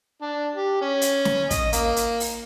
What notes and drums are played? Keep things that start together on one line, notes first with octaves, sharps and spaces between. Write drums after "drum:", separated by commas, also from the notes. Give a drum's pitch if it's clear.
D4
G4
C#4
drum: hi-hat
drum: snare
D#5, drum: kick, hi-hat
A#3, drum: hi-hat
drum: hi-hat
drum: open hi-hat